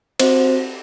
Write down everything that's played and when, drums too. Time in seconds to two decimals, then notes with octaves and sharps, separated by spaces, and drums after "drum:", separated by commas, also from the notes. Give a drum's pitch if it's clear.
0.20 C4 F#4 C5, drum: cymbal